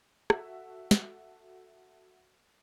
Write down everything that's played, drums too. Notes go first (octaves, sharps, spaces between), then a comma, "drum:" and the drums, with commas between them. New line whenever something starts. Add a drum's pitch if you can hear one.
F#4 A4 E5, drum: rim click
drum: snare